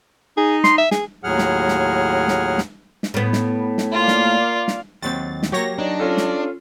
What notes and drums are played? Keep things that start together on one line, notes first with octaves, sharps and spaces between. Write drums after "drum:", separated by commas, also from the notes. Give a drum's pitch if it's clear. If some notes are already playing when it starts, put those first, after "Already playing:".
D#4 G#4
C6, drum: snare
E5
G#4, drum: snare
D#2 A2 F#3 G#4 F#5 F6
drum: snare
drum: snare
drum: snare
drum: snare
drum: snare
A2 B3
drum: snare
drum: snare
A#3 F4 D5 F5
drum: snare
drum: snare
D#2 F#3 C4 A6
drum: snare
F#3 A#3 G4 C#5 A#6
D4 D#4
C#4 F4 A4
drum: snare